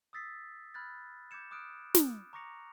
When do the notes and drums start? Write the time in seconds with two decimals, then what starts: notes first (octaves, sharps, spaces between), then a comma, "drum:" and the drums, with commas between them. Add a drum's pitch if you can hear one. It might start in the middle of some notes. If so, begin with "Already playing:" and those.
0.13 D#6 E6 A6 B6 C7
0.74 B5 F6 F#6 G#6 A6
1.31 D6 G6 G#6 C#7 E7
1.51 D6 D#6 F6 F#6 D7
1.95 drum: snare
2.33 A#5 C#6 D6 A#6 C#7 F7